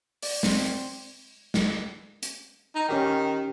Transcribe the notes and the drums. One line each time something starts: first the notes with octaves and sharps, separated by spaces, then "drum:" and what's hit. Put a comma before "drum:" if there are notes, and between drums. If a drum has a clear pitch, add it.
D5, drum: open hi-hat
C4, drum: snare
drum: snare
drum: hi-hat
D#4
D#3 C#4 G4 G5